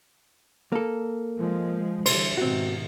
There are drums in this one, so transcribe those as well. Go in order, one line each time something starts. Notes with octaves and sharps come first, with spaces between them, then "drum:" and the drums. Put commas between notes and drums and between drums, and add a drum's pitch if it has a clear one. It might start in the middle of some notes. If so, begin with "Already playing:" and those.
A#3 A4
F3 G#3
D3 E3 G3 C5, drum: cymbal
G#2 B2 D#3 C4 F#4